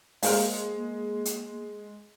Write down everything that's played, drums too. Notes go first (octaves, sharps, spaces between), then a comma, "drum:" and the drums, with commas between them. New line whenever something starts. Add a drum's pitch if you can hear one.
G#3 A#3 A#4 C5 F5, drum: open hi-hat
drum: hi-hat